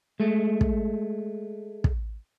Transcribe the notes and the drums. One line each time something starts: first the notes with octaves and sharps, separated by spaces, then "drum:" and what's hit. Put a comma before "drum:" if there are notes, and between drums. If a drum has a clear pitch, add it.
G#3 A3
drum: kick
drum: kick